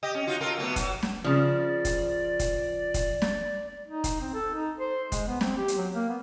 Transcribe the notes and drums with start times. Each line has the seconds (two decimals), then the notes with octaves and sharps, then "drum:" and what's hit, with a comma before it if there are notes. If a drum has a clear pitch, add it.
0.03 G4 D#5
0.15 C#4
0.27 D#4 F4 F#4
0.41 F4 A4 A#4
0.58 F#3 A3 B3
0.76 F#3, drum: kick, hi-hat
1.03 drum: snare
1.24 C#3 F3 D5
1.85 drum: kick, hi-hat
2.39 drum: kick, hi-hat
2.94 drum: kick, hi-hat
3.22 drum: snare
3.85 D#4
4.04 drum: kick, hi-hat
4.21 C4
4.34 A4
4.54 D#4
4.79 C5
5.12 G#3, drum: kick, hi-hat
5.27 B3
5.41 C4, drum: snare
5.57 G4
5.68 drum: hi-hat
5.77 F#3
5.94 A#3
6.09 B3